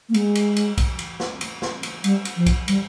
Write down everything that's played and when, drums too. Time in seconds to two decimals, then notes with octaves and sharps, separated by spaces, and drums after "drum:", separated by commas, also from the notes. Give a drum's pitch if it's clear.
0.09 A#3
0.14 G#3, drum: cymbal
0.35 drum: cymbal
0.57 drum: cymbal
0.78 drum: kick, cymbal
0.99 drum: cymbal
1.20 drum: snare
1.41 drum: cymbal
1.62 drum: snare
1.83 drum: cymbal
2.04 G3, drum: cymbal
2.25 drum: cymbal
2.36 F3
2.46 drum: kick, cymbal
2.68 G3, drum: cymbal